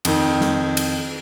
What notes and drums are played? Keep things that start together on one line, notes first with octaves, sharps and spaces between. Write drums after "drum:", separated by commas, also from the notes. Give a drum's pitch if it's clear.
F2 D#3, drum: cymbal
drum: snare
drum: cymbal